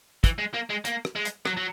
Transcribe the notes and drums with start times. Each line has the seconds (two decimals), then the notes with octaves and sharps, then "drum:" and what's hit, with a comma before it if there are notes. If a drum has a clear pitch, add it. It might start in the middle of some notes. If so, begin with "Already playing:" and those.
0.24 E3, drum: kick, hi-hat
0.38 G#3
0.54 A#3
0.70 G#3
0.85 A#3, drum: hi-hat
1.05 drum: rim click
1.16 G#3
1.25 drum: hi-hat
1.45 F#3, drum: rim click
1.57 F#3